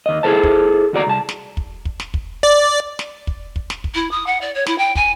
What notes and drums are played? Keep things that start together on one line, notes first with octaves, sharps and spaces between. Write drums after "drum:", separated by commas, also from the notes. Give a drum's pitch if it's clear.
D#2 D#5
E4 G#4 A4 C5 A5
drum: kick
D#2 F#4 D5 A#5
C2 A5
drum: snare
drum: kick
drum: kick
drum: snare
drum: kick
D5
drum: snare
drum: kick
drum: kick
drum: snare
drum: kick
E4
D#6
F#5
D5
C#5
E4, drum: snare
G5
G#5, drum: kick